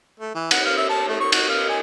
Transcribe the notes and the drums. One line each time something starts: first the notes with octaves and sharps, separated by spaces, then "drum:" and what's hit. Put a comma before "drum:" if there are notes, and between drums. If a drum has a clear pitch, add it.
A3
E3
F#5, drum: cymbal
F5
E5
A5
A3
C#6
F#4, drum: cymbal
F5
G#5